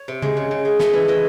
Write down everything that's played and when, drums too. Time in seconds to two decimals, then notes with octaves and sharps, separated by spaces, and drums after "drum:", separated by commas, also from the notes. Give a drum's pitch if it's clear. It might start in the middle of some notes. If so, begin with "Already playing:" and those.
Already playing: C#5
0.08 C3
0.22 G#3, drum: tom C#3
0.37 C#3
0.51 C#3
0.65 G#3
0.79 A3 D#5, drum: snare
0.93 E3
1.08 E3 D#5